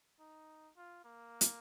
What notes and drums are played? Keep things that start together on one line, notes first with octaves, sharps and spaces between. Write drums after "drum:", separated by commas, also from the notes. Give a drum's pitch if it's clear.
D#4
F4
A#3
drum: hi-hat